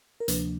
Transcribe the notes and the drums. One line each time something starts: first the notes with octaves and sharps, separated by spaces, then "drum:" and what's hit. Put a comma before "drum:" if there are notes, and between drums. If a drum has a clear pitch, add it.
A#4
D2 C3 F3 A#3 D4 B4, drum: hi-hat